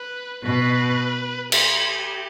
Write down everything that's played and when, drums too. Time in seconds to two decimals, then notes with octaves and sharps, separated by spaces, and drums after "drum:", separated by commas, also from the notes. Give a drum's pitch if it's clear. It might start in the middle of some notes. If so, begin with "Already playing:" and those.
Already playing: B4
0.44 B2 B4
1.52 G4, drum: cymbal